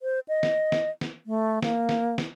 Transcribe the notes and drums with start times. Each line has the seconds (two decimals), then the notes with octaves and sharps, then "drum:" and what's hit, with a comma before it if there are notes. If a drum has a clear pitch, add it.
0.02 C5
0.28 D#5
0.43 drum: snare
0.72 drum: snare
1.01 drum: snare
1.26 A3
1.62 A#3, drum: snare
1.89 drum: snare
2.18 drum: snare